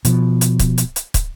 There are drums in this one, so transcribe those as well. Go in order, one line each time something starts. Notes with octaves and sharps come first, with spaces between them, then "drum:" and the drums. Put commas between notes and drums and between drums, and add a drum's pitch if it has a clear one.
B2 F3, drum: hi-hat
drum: hi-hat
drum: kick, hi-hat
drum: hi-hat
drum: hi-hat
drum: kick, hi-hat